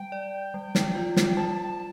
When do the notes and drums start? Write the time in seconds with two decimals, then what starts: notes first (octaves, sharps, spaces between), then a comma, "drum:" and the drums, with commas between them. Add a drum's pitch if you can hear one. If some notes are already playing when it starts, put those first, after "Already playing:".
Already playing: G3 G5
0.12 D5
0.54 G3
0.75 drum: snare
0.95 F4
1.16 drum: snare
1.37 G3 A5